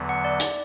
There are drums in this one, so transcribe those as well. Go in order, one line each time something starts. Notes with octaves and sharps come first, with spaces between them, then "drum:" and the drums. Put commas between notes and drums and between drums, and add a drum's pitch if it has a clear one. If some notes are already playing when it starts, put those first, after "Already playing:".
Already playing: E2 D3 F#3 B3
F#5
D5
drum: hi-hat